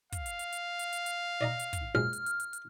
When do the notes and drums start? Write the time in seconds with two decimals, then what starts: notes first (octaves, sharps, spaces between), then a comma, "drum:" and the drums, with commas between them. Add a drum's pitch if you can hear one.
0.12 F5, drum: kick, hi-hat
0.26 drum: hi-hat
0.39 drum: hi-hat
0.52 drum: hi-hat
0.79 drum: hi-hat
0.93 drum: hi-hat
1.06 drum: hi-hat
1.41 D5 D#5 A#5
1.59 drum: hi-hat
1.73 drum: kick, hi-hat
1.95 A#1 F#2 G#3 F6
2.13 drum: hi-hat
2.26 drum: hi-hat
2.40 drum: hi-hat
2.53 drum: hi-hat